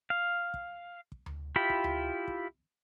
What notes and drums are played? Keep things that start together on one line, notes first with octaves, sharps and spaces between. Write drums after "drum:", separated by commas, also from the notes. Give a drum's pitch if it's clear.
F5
drum: kick
drum: kick
drum: tom D2
E4 F4 G4 B5
drum: kick
drum: tom D2
drum: kick